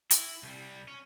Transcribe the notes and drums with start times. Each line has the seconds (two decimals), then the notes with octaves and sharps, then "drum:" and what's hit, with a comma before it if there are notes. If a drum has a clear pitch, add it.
0.11 E4, drum: hi-hat
0.43 C2 G3
0.88 C#4